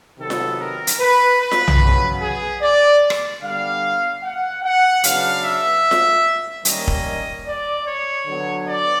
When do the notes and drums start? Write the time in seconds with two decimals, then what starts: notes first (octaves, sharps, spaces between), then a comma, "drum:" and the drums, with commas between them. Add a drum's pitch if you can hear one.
0.19 C3 D#3 F#3 B3 A4
0.30 drum: snare F4
0.60 A#4
0.87 drum: hi-hat
1.00 B4
1.40 B4
1.51 drum: snare F4
1.68 drum: tom B1
1.80 C#3 F#3 B3
2.20 G#4
2.61 D5
3.10 drum: rim click
3.42 D3 G3 B3 F5
4.23 F#5
4.63 F#5
5.04 C#3 F#3 B3 D4 F5, drum: hi-hat
5.44 E5
5.91 drum: snare F4
6.65 D#3 G3 A#3 C#4 D#5, drum: hi-hat
6.88 drum: kick
7.46 D5
7.87 C#5
8.27 D3 F#3 B3
8.67 D5